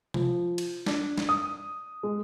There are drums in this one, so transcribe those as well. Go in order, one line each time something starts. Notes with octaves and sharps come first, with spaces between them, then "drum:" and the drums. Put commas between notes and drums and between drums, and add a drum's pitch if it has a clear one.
F3, drum: tom C3
drum: cymbal
D4, drum: snare
drum: snare
D#6
G#3